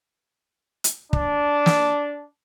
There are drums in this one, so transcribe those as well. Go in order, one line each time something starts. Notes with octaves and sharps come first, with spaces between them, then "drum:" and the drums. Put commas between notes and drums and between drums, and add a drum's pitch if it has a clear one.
drum: hi-hat
D4, drum: kick
drum: snare